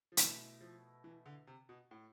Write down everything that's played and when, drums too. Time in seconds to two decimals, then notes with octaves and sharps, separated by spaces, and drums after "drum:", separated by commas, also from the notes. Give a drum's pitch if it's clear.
0.12 F3
0.17 B2 E3 A3 E4, drum: hi-hat
0.61 F3
1.04 E3
1.26 D3
1.47 C3
1.69 B2
1.91 A2